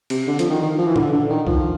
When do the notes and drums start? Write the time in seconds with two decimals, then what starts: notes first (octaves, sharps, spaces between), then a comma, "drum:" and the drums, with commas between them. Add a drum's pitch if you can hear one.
0.10 C3, drum: cymbal
0.27 D3
0.39 F3, drum: hi-hat
0.50 D#3
0.62 D#3
0.78 F3
0.87 E3
0.96 D3, drum: tom A#2
1.12 D3
1.30 D#3
1.47 F3, drum: kick B1